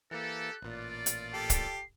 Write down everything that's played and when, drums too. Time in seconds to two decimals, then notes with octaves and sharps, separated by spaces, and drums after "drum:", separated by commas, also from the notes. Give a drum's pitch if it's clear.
0.11 E3 A#3 G4 A4 F#6
0.62 A1 A#2 F4 D5
1.06 drum: hi-hat
1.33 G4 A4 C7
1.50 drum: kick, hi-hat